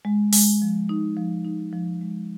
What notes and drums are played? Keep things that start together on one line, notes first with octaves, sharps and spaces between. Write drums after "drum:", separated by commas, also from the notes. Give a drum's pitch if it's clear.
G#3
G#3, drum: open hi-hat
F3
D#4
F3
D#4
F3
G#3